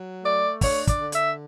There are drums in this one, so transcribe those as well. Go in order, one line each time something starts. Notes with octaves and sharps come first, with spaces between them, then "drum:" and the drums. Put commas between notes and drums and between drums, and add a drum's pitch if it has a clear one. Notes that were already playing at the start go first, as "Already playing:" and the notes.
Already playing: F#3
A3 D5
D4 C#5, drum: kick, open hi-hat
D5, drum: kick, hi-hat
D3
E5, drum: hi-hat